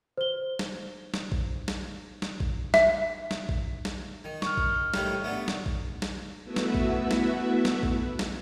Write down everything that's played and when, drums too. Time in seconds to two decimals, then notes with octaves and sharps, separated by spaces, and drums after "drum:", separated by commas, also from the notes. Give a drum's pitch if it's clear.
0.17 C5 G7
0.59 drum: snare
1.14 drum: snare
1.32 drum: kick A#1
1.68 drum: snare
2.22 drum: snare
2.40 drum: kick A#1
2.74 E5, drum: snare
3.31 drum: snare
3.49 drum: kick A#1
3.85 drum: snare
4.24 D#3
4.42 C#6 F6, drum: snare
4.57 drum: kick A#1
4.94 A2 D#3 G3, drum: snare
5.24 A3 B3 D4
5.48 drum: snare
5.66 drum: kick A#1
6.02 drum: snare
6.45 A3 B3 E4 F#4 B4 E5
6.56 drum: snare
6.75 drum: kick A#1
7.11 drum: snare
7.65 drum: snare
7.83 drum: kick A#1
8.19 drum: snare